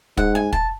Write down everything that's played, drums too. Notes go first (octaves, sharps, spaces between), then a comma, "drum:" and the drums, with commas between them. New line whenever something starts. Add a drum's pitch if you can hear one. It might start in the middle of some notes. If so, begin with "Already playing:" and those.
G#2 F#5, drum: kick
G#5
A5, drum: kick